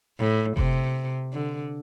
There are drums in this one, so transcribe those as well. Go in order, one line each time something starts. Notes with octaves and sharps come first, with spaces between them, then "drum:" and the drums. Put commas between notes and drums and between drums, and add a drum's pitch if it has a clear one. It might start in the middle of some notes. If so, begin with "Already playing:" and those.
A2
C3, drum: kick F#1
D3